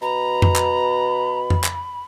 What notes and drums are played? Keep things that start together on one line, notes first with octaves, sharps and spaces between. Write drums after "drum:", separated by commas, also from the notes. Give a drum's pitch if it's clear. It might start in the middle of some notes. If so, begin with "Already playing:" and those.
B2 A#5 B5
drum: tom F2
drum: clap
drum: tom F2
drum: clap